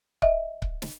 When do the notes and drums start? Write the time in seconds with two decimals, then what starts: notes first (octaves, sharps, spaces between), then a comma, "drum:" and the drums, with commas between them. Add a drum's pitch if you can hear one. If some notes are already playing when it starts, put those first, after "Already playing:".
0.22 D#5 E5, drum: kick C#1
0.62 drum: kick C#1
0.82 drum: snare